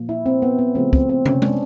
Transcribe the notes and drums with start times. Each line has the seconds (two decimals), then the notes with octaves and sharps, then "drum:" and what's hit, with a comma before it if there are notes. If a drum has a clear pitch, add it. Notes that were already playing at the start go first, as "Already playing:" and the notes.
Already playing: A#2 F3 A#3
0.09 E4
0.26 C4
0.42 B3
0.59 B3
0.75 C#3 F3 A3 C4
0.93 C4, drum: kick
1.09 C4
1.26 C#4, drum: tom
1.42 D4, drum: tom G#3